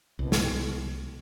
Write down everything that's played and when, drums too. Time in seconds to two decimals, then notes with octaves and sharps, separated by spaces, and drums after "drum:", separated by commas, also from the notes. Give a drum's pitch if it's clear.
0.19 C2 B2
0.32 drum: snare